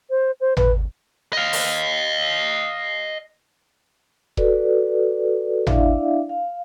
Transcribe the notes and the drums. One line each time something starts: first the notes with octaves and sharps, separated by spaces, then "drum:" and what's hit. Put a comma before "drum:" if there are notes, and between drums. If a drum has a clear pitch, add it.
C5
C5
B4, drum: tom G#1
D#5 F5
drum: open hi-hat
F#4 A4 B4 D5, drum: kick D#1
D4 E4 D5 E5 F5, drum: tom G#1
F5